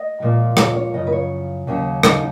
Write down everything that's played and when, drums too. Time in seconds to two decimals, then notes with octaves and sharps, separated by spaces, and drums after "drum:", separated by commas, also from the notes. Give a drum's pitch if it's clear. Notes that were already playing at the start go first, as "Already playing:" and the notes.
Already playing: D#5
0.20 A#2 F3 G#3
0.57 C#5, drum: rim click
0.75 C#5
0.94 F#2 C#3 F3 D#5
1.07 B4
1.12 C#5
1.67 D#2 C#3 F#3
2.03 D#4, drum: rim click